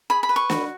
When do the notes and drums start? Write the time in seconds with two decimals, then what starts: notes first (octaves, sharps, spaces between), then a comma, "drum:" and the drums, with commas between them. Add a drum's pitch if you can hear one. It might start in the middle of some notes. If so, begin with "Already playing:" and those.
0.10 G#4 B5
0.23 B5
0.29 B4
0.36 C#6
0.50 F#4, drum: snare